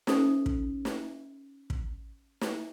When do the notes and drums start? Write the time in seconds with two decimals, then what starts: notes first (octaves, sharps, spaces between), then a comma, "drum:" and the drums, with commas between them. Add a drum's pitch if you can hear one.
0.07 C#4 D#4 A4 C5, drum: snare
0.46 drum: kick
0.85 drum: snare
1.70 drum: kick
2.41 drum: snare